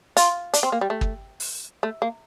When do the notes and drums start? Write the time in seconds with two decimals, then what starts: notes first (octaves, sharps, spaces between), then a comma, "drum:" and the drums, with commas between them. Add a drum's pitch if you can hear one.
0.17 F4, drum: hi-hat
0.54 D4, drum: hi-hat
0.63 C4
0.72 A#3
0.81 G3
0.90 A3
1.01 drum: kick
1.40 drum: open hi-hat
1.83 A3
2.02 A#3